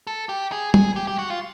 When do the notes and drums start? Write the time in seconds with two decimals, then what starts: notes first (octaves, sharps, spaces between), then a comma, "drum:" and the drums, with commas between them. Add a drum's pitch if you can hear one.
0.07 A4
0.29 G4
0.52 G#4
0.74 G#4, drum: tom
0.96 G4
1.07 G4
1.19 F#4
1.30 F4